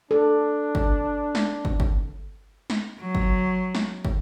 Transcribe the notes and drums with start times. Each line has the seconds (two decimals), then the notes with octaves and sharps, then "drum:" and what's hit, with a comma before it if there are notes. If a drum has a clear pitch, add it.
0.11 D4 A4
0.75 drum: kick
1.35 drum: snare
1.65 drum: kick
1.80 drum: kick
2.70 drum: snare
3.00 F#3
3.15 drum: kick
3.75 drum: snare
4.05 drum: kick